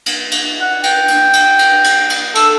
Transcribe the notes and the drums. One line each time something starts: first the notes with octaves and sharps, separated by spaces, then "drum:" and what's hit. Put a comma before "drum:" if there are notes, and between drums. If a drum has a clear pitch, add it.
drum: cymbal
drum: cymbal
F#5
G5, drum: cymbal
drum: cymbal
drum: cymbal
drum: cymbal
drum: cymbal
drum: cymbal
A4, drum: cymbal